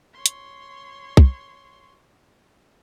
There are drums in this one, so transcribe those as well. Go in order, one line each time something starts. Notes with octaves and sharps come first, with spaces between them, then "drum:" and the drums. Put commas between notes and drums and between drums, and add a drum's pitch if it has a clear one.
C#5 C6
drum: hi-hat
drum: kick